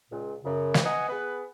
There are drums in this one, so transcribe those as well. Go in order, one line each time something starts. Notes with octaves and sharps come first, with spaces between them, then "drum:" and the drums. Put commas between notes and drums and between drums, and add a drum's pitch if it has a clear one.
C#2 A#2
F#2 C#3
drum: snare
B4 D#5 F#5 G#5
B3 G#4 B4